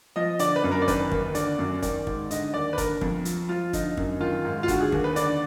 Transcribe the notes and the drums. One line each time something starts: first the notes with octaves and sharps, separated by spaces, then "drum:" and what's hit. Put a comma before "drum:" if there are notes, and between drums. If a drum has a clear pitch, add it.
F3 D#5
D3 D5, drum: hi-hat
B4
F#2
A#4
D5
D#3 B4, drum: kick, hi-hat
D#2, drum: kick
D3 D5, drum: hi-hat
F#2
D#3 D5, drum: kick, hi-hat
G#2, drum: kick
D3 D#5, drum: hi-hat
D#2 D5
B4
D3 A#4, drum: kick, hi-hat
F2, drum: kick
F3, drum: hi-hat
F3 F4
D3 D#4, drum: kick, hi-hat
F#2, drum: kick
D#3 F4
G#2
F4
D3 F#4, drum: kick, hi-hat
G#4
D#2, drum: kick
B4
D3 D5, drum: hi-hat